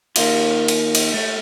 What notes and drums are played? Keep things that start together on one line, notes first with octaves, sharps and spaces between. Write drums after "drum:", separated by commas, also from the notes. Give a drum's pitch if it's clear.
D#3 A#3 F4, drum: cymbal
drum: cymbal
drum: cymbal
A3